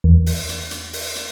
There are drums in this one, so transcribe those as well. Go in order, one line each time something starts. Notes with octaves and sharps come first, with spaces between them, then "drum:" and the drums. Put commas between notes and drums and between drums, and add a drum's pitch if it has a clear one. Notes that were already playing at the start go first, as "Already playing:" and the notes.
E2
drum: open hi-hat
drum: hi-hat
drum: hi-hat
drum: open hi-hat
drum: hi-hat